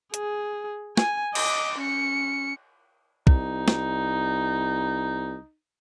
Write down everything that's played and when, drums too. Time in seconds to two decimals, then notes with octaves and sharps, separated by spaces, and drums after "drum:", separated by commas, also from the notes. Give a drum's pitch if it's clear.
0.14 G#4, drum: hi-hat
0.97 G#5, drum: snare
1.35 D#5 D6, drum: cymbal
1.79 C#4 C#7
3.27 C2 D#4, drum: kick
3.68 drum: snare